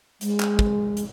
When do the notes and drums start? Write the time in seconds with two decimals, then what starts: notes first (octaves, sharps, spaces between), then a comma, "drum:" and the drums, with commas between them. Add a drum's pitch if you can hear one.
0.21 G#3, drum: hi-hat
0.40 drum: clap
0.59 drum: kick
0.97 drum: hi-hat